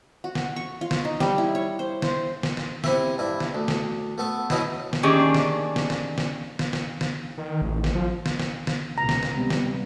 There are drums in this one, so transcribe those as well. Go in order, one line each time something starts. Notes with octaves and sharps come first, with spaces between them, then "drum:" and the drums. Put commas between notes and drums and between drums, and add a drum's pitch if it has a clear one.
F#4
drum: snare
C#6
F4
drum: snare
D#4
G3, drum: snare
E4
C#5
C5
C5, drum: snare
drum: snare
drum: snare
C3 E4 E5, drum: snare
G2 E4
drum: snare
D2
drum: snare
A3 B3 A4
B2 F#3 D#4 E4, drum: snare
drum: snare
D#3 A#3 C#4 D4 G4 G#4
drum: snare
drum: snare
drum: snare
drum: snare
drum: snare
drum: snare
drum: snare
D#3
A1
drum: snare
F3
drum: snare
drum: snare
drum: snare
C#2 G#2 B2 A#5
drum: snare
drum: snare
C3 G3 B3
drum: snare